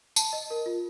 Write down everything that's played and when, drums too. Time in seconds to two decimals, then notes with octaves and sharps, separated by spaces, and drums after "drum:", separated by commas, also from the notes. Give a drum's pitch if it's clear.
0.16 A5, drum: tambourine
0.33 D#5
0.50 A#4
0.66 F4